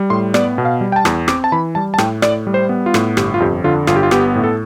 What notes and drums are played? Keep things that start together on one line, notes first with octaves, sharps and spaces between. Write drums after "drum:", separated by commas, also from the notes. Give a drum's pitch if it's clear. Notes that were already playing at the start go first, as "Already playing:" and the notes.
Already playing: G3
A2 C6
B3 D5, drum: rim click
B2
F5
G3
G5
A5
E2, drum: rim click
C4 D6, drum: rim click
A5
E3 B5
G3 A5
A5
A2 G5, drum: rim click
A2 D5, drum: rim click
G3
C5
B3
F4
A2, drum: rim click
G1 G4, drum: rim click
F4
F2 G4
D3 F4
G1 F4, drum: rim click
G4
F4
B3 G4, drum: rim click
A2
A4